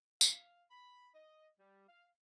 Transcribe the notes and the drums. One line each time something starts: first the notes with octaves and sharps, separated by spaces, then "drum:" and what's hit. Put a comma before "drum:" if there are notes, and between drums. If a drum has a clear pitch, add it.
F5, drum: tambourine
B5
D#5
G3
F5